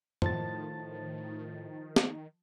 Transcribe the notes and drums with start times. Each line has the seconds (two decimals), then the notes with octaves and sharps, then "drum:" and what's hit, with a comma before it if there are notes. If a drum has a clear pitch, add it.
0.22 A2 D#3 F3 C5 A5 A6, drum: tom
1.96 drum: snare